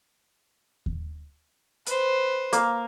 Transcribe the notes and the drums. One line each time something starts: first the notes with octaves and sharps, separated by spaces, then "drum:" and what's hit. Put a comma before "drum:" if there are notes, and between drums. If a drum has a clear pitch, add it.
drum: kick D#2
B4 C5, drum: hi-hat
A#3, drum: hi-hat